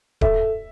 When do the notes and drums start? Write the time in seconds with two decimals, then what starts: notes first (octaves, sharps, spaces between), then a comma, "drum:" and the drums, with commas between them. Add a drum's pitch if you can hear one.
0.21 A4 E5, drum: kick D1